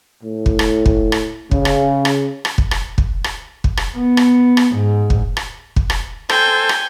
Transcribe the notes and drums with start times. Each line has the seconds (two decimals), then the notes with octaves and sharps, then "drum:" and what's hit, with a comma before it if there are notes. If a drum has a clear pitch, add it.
0.23 A2
0.46 drum: kick
0.59 drum: rim click
0.86 drum: kick
1.12 drum: rim click
1.51 C#3, drum: kick
1.65 drum: rim click
2.05 drum: rim click
2.45 drum: rim click
2.58 drum: kick
2.71 drum: rim click
2.98 drum: kick
3.24 drum: rim click
3.64 drum: kick
3.77 drum: rim click
3.97 B3
4.17 drum: rim click
4.57 drum: rim click
4.75 G#2
5.10 drum: kick
5.37 drum: rim click
5.76 drum: kick
5.90 drum: rim click
6.29 A4 C5 G5 G#5, drum: rim click
6.69 drum: rim click